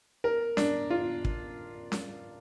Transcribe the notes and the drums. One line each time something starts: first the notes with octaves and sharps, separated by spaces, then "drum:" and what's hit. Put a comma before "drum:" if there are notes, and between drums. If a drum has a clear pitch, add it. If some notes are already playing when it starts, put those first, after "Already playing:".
A#4
D4, drum: snare C#4
F4
drum: kick
drum: snare C#4